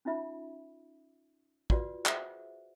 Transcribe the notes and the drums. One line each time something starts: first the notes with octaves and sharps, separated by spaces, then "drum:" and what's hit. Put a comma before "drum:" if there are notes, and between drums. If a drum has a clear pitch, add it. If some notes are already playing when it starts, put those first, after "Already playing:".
C#4 D#4 F4 E5 B5
F4 F#4 B4 D5, drum: kick
G#4 C5 E5 F#5, drum: clap